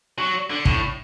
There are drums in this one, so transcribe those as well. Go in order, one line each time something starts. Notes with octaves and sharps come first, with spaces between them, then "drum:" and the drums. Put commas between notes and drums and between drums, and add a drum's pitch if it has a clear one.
F#3
D3
A2, drum: kick